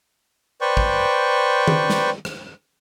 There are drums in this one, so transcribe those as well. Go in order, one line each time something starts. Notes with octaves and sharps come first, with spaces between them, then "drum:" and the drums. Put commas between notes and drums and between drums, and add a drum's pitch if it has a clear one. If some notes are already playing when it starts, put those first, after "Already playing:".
B4 C5 D5 G5 C#6
drum: kick
drum: tom D#3
drum: snare
drum: rim click